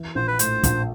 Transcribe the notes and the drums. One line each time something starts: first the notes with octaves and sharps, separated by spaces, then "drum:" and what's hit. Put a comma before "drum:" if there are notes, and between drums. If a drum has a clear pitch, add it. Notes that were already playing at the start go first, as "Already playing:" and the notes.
Already playing: E3
A#1 C5
B4
A2 C5, drum: hi-hat
A#1, drum: kick, hi-hat